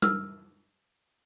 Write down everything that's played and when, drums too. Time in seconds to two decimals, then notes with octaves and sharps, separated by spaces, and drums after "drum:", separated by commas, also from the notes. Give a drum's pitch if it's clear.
0.02 E6 F6, drum: tom G3